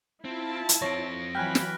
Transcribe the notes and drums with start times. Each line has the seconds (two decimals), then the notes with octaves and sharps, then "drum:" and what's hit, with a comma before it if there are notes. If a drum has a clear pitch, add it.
0.25 C4 E4 F4 A5
0.69 drum: hi-hat
0.82 F3 C4 C#5 A#6 D7
1.35 E3 F#3 G5 G#5 B5 F6 F#6
1.55 drum: snare